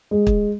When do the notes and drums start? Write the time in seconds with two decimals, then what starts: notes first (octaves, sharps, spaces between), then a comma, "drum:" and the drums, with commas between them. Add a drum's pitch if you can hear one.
0.11 G#3
0.27 drum: kick